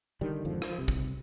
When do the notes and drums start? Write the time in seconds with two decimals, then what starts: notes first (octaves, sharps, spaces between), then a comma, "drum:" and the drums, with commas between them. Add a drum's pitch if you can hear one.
0.21 D3 D#3 G3
0.45 G#1 F2 D3 F3
0.62 F3, drum: rim click
0.78 C2 C3
0.88 drum: kick